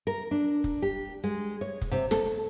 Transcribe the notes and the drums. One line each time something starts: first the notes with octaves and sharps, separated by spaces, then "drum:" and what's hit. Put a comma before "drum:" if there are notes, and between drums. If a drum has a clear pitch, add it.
A#4
D4
drum: kick F1
G4
G#3
C#5
drum: kick F1
C3
A4, drum: snare